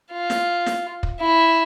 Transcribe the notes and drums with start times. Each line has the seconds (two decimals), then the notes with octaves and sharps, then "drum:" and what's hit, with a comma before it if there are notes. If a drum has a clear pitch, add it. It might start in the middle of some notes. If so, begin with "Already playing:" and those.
0.11 F4
0.30 drum: snare
0.66 drum: snare
1.03 drum: kick
1.21 E4